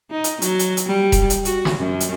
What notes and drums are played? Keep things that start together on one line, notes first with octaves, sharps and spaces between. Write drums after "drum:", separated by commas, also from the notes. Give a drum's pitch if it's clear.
D#4
drum: hi-hat
F#3, drum: hi-hat
drum: hi-hat
drum: hi-hat
G3
drum: kick E1, hi-hat
drum: hi-hat
F#4, drum: hi-hat
drum: snare
F#2
drum: hi-hat